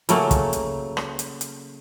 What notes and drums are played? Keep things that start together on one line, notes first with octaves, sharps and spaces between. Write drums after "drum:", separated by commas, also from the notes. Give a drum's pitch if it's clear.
C#3 F#3 A3 A#3, drum: hi-hat
drum: kick, hi-hat
drum: hi-hat
drum: rim click
drum: hi-hat
drum: hi-hat